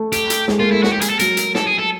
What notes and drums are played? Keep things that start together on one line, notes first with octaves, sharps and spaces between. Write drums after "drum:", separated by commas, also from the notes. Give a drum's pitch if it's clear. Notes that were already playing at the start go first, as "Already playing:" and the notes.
Already playing: A3
G4, drum: hi-hat
drum: hi-hat
G#3, drum: snare
A#3 F4
A3 E4
F#4, drum: snare
G4
G#4, drum: hi-hat
A4
F#3 A#4, drum: hi-hat
drum: hi-hat
A4, drum: snare
G#4
A4